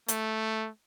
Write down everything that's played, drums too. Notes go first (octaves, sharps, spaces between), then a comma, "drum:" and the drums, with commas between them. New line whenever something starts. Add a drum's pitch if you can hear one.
A3, drum: hi-hat